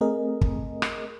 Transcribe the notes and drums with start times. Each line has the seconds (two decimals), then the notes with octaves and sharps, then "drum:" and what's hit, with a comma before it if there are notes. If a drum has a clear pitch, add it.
0.01 A3 C4 G#4 A#4 D#5
0.41 drum: kick
0.82 drum: rim click